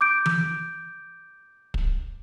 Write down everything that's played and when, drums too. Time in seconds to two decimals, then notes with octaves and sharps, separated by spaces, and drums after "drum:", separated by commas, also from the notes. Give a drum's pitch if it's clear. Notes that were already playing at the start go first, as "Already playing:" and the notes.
0.01 D6 G6 D7
0.26 drum: tom E3
1.74 drum: kick